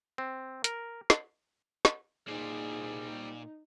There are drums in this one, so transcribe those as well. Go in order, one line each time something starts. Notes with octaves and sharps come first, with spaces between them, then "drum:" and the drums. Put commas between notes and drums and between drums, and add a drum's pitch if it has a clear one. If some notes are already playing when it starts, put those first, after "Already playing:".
C4
A#4, drum: hi-hat
drum: snare
drum: snare
A#2 G3 D#4 G#4 C5